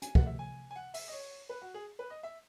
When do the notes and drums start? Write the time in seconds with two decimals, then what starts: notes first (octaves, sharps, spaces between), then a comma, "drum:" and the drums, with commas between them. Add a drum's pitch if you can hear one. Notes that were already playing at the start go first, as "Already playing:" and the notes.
0.02 G#5, drum: hi-hat
0.15 F#5, drum: kick
0.26 E5
0.39 G#5
0.71 G#5
0.76 F#5
0.94 E5, drum: open hi-hat
1.08 D#5
1.12 C#5
1.49 B4
1.62 F#4
1.74 G#4
1.99 B4
2.10 D#5
2.23 E5